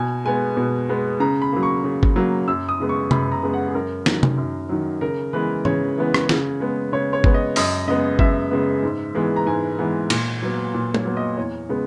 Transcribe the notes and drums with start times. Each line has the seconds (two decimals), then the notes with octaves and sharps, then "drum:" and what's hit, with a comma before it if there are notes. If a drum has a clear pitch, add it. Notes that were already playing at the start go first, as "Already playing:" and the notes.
Already playing: B2 G#5
0.25 G#3 B3 G#5
0.57 B2
0.89 G#3 B3
1.20 C#3 A#5
1.42 B5
1.53 F#3 A#3
1.63 C#6
1.84 C#3
2.03 drum: kick G1
2.16 F#3 A#3
2.48 F#2 E6
2.69 D#6
2.80 C#3 G#3 B3
2.89 C#6
3.11 F#2 B5, drum: tom C3
3.32 A#5
3.43 C#3 G#3 B3
3.53 F#5
3.68 G#4
3.75 F#2 A#4
4.06 D#3 F#3, drum: snare
4.23 drum: tom C3
4.38 F#2
4.69 D#3 F#3
5.01 C#3 A#4
5.33 E3 G#3 B3 B4
5.65 C#3 C#5, drum: tom
5.98 E3 G#3 B3
6.14 drum: rim click
6.29 C#3, drum: snare
6.60 G#3 B3
6.92 C#3 C#5
7.13 C#5
7.24 G#3 B3, drum: kick G1
7.34 D#5
7.56 F#2 D#5, drum: open hi-hat
7.88 C#3 G#3 B3 D#5
8.19 F#2 E5, drum: kick G1
8.51 C#3 G#3 B3
8.83 G#2
9.15 E3 G#3 B3
9.36 A#5
9.46 G#2 G#5
9.79 E3 G#3 B3
10.10 A#2, drum: cymbal
10.42 F#3 B3
10.74 A#2
10.94 C#5, drum: tom
11.05 F#3 B3
11.17 D#5
11.37 E2 C#5
11.69 C#3 G#3 B3